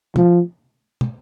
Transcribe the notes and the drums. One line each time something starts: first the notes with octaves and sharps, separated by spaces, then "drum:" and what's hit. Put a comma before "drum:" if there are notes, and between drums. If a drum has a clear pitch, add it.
F3, drum: tom
drum: tom